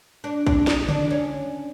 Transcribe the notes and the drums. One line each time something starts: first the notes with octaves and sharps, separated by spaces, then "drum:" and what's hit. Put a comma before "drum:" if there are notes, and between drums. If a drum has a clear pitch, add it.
D4
D4, drum: kick
D#4, drum: snare
D4, drum: tom C#3
C#4